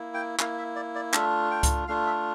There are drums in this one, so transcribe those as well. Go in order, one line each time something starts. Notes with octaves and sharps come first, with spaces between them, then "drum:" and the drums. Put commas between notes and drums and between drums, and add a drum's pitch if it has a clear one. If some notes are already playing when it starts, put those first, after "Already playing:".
Already playing: A#3 E4
G5
A#3 E4 F5, drum: clap
E5
D5
D5
A3 D4 F4 E5, drum: clap
G5
drum: kick C#2, hi-hat
A3 D4 F4 F5
E5